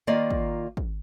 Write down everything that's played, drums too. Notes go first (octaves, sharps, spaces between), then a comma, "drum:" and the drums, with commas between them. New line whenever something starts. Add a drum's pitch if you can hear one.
D#3 A#3 F4 D5 D#5
drum: kick
drum: kick